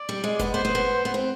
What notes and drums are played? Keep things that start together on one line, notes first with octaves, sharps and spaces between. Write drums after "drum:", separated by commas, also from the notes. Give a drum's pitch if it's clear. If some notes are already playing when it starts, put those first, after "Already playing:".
Already playing: D5
G3
G#3
B3, drum: kick F#1, hi-hat
B3 C5
B3
B3
B3
C4